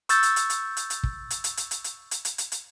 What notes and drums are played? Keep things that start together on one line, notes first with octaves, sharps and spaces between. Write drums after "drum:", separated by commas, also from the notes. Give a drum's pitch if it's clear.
C#6 E6 G6 A6, drum: hi-hat
drum: hi-hat
drum: hi-hat
drum: hi-hat
drum: hi-hat
drum: hi-hat
drum: kick
drum: hi-hat
drum: hi-hat
drum: hi-hat
drum: hi-hat
drum: hi-hat
drum: hi-hat
drum: hi-hat
drum: hi-hat
drum: hi-hat